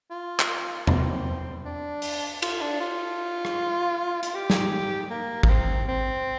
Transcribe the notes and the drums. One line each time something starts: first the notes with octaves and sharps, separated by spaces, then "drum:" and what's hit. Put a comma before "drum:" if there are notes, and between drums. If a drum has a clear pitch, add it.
F4
drum: clap
C4, drum: tom E2
D4
drum: open hi-hat
F4, drum: cymbal
D4
F4
drum: rim click
F4, drum: hi-hat
G4
drum: snare
A#3
A#3, drum: kick G#1
C4
C4